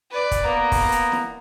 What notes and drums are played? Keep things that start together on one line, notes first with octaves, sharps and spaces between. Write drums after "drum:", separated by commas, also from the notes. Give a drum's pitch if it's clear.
B4 D5
drum: kick, hi-hat
A#3 B3 A#5
drum: kick, open hi-hat
drum: hi-hat
drum: snare E4